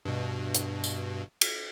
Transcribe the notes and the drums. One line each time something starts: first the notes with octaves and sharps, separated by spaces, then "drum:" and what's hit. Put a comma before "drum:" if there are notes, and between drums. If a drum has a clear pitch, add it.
G2 B2
drum: hi-hat
drum: tambourine
drum: cymbal